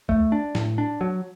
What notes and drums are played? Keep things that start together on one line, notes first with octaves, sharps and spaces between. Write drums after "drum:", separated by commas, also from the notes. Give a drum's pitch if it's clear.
A3, drum: kick C#2
D4
A2, drum: snare
D4
F#3